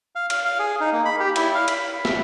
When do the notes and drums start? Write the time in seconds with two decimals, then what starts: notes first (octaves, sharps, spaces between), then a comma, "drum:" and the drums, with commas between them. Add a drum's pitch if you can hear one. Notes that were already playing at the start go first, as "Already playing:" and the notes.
0.15 F5
0.30 F5, drum: cymbal
0.45 F5
0.59 G#4
0.81 D#4
0.93 A#3
1.05 B5
1.20 G4
1.36 E4, drum: cymbal
1.55 F5
1.68 B5, drum: cymbal
2.05 E5, drum: snare